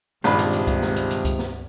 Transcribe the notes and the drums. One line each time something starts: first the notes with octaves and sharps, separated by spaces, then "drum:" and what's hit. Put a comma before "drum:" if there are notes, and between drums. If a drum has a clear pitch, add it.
A#1 G2 C3 D#3 G#3 D4 F4 B5, drum: snare
drum: hi-hat
drum: hi-hat
drum: kick C#2, hi-hat
drum: snare
drum: hi-hat
drum: hi-hat
drum: kick C#2, hi-hat
drum: snare